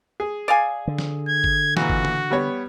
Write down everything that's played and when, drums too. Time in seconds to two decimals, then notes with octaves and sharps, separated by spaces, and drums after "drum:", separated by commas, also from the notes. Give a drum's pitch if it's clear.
0.20 G#4
0.48 D5 F5 G#5
0.87 D3
0.98 drum: snare
1.29 G#6
1.44 drum: kick G1
1.77 A#2 E3 F#4, drum: snare
1.90 drum: kick G1
2.05 drum: tom C#3
2.30 G3 B3 C#5